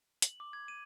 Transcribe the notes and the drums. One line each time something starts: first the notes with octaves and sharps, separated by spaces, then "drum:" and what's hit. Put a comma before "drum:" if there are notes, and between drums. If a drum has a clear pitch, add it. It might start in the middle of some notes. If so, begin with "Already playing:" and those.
F#7, drum: hi-hat
D6
G#6
D#7